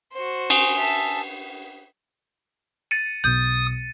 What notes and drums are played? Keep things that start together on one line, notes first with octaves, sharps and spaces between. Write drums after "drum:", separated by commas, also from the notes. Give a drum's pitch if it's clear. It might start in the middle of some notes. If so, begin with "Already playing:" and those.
F#4 C5
G#5 D#6 G7, drum: cymbal
E5 A5
A6 C#7 D#7
B1 B2 D#6 G6